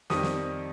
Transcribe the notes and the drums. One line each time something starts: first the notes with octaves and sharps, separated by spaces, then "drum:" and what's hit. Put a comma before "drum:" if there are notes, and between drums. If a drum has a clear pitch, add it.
F2 D#3 G3 D#6, drum: snare
drum: snare